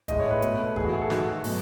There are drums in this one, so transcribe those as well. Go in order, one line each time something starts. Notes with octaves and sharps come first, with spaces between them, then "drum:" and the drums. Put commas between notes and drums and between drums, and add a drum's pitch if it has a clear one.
A2 G#3 D#5, drum: kick, hi-hat
C#5
B4
B2 A3, drum: hi-hat
A2 E3 A3 G#4, drum: kick
F#4
G#4
A4
D#3 G#3 F#4, drum: snare
B2 F#3 A3, drum: open hi-hat